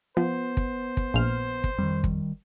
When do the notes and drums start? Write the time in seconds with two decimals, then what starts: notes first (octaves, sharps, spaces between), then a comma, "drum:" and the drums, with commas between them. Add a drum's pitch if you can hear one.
0.17 F3 B3 C5
0.57 drum: kick
0.97 drum: kick
1.14 A#1 F6
1.64 drum: kick
1.78 F2 D#3 G3
2.04 drum: kick